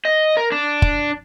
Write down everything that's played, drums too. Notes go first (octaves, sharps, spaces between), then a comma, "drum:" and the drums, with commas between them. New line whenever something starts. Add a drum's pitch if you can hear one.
D#5
A#4
D4
drum: kick